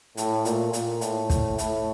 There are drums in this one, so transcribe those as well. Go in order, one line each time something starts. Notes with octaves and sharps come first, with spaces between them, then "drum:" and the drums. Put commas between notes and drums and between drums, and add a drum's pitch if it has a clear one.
A2, drum: hi-hat
A#2, drum: hi-hat
A#2, drum: hi-hat
A2, drum: hi-hat
drum: kick, hi-hat
A2, drum: hi-hat